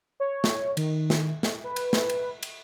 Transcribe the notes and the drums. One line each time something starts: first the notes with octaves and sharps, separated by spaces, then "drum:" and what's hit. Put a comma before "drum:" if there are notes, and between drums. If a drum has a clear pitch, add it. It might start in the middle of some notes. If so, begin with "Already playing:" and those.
C#5
drum: snare
D#3, drum: cymbal
drum: snare
drum: snare
B4
drum: cymbal
drum: snare
drum: cymbal
drum: cymbal